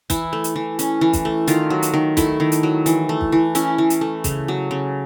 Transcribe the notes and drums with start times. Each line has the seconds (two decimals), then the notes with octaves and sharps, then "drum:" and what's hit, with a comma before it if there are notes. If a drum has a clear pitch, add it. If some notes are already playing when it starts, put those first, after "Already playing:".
0.10 E3 E4, drum: kick, hi-hat
0.33 A3
0.44 drum: hi-hat
0.56 E3
0.79 C#4, drum: hi-hat
1.01 E3
1.13 drum: kick, hi-hat
1.25 A3
1.47 D#3 F4, drum: hi-hat
1.70 F#3
1.82 drum: hi-hat
1.94 D#3
2.17 A3 E4, drum: kick, hi-hat
2.40 D#3
2.52 drum: hi-hat
2.63 F#3
2.86 E3, drum: hi-hat
3.09 A3
3.21 drum: kick
3.32 E3
3.55 C#4 E4, drum: hi-hat
3.78 E3
3.90 drum: hi-hat
4.01 A3
4.24 C#3, drum: kick, hi-hat
4.48 F#3
4.71 C#3